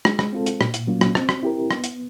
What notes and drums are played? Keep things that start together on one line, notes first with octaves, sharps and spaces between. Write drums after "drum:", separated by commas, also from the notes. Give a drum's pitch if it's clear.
G#3, drum: rim click
drum: rim click
C4 F4 A4
drum: hi-hat
A#2, drum: rim click
drum: hi-hat
F#3 A#3 C#4 F4
drum: rim click
C4, drum: rim click
drum: rim click
E4 G4 A#4
B3, drum: rim click
drum: hi-hat